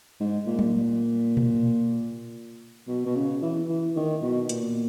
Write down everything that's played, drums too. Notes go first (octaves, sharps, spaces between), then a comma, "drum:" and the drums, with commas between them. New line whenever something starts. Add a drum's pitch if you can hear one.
G#2
A#2
drum: tom F#3
drum: tom A#2
B2
B2
C#3
E3
E3
D#3
B2
A#2, drum: hi-hat